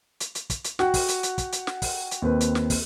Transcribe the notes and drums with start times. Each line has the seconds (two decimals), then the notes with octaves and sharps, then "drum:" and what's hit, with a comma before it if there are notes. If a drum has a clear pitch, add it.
0.20 drum: hi-hat
0.35 drum: hi-hat
0.50 drum: kick, hi-hat
0.64 drum: hi-hat
0.79 F#4 F#5 G5, drum: snare
0.94 drum: kick, open hi-hat
1.08 drum: hi-hat
1.23 drum: hi-hat
1.38 drum: kick, hi-hat
1.52 drum: hi-hat
1.67 drum: snare
1.82 drum: kick, open hi-hat
2.11 drum: hi-hat
2.22 D#2 C4 B4
2.41 drum: hi-hat
2.55 drum: snare
2.70 drum: kick, open hi-hat